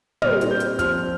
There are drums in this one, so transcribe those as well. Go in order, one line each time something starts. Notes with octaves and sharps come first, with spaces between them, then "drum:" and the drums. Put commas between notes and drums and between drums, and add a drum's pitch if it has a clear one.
A#2 G3 C4 F6, drum: tom
drum: hi-hat
G6
drum: hi-hat
F3 C4 F6, drum: kick, hi-hat